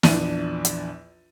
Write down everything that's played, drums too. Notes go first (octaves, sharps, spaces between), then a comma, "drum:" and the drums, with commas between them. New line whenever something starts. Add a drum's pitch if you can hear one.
A#1 E2 D4 D#7, drum: snare
drum: hi-hat